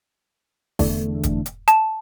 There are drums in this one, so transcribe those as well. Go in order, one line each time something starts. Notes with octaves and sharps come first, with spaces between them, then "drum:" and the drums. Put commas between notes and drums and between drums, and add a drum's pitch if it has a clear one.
E2 D3 A3, drum: kick, open hi-hat
drum: kick, hi-hat
drum: hi-hat
A5, drum: hi-hat